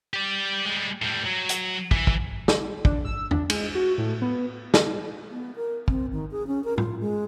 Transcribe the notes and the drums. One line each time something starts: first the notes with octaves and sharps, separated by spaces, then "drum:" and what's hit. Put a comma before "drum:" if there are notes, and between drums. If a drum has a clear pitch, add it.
G4 D5
G3 G#3
A2 G3
F#3
drum: hi-hat
E3, drum: kick
drum: kick
drum: snare
D4, drum: kick
E6
D4, drum: tom E2
G#3, drum: cymbal
F#4
A2
B3
drum: snare
B3
A#4
C4, drum: kick
D#3
G#4
C#4
A#4
F4, drum: tom A2
G#3